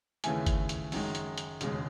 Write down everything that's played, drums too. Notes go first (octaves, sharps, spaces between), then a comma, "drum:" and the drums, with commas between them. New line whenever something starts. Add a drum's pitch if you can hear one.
D#2 C#3 E3 A3 G#5, drum: hi-hat
drum: kick G1, hi-hat
drum: hi-hat
F#2 D#3 G#3, drum: open hi-hat
drum: hi-hat
drum: hi-hat
E1 D#2 C#3 G#3, drum: hi-hat